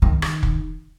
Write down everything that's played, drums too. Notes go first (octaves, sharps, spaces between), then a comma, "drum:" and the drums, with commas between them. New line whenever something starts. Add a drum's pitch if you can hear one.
D#3
drum: rim click
drum: kick